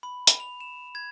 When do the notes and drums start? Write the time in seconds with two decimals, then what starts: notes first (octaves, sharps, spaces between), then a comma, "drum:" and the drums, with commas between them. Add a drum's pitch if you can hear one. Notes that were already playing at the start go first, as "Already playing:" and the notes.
0.03 B5
0.27 drum: hi-hat
0.40 F7
0.60 E7
0.95 G#6